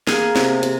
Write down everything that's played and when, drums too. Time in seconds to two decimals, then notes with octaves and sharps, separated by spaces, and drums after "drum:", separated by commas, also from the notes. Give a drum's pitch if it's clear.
0.07 A#3 G#4, drum: snare
0.36 C3, drum: snare
0.63 C3, drum: hi-hat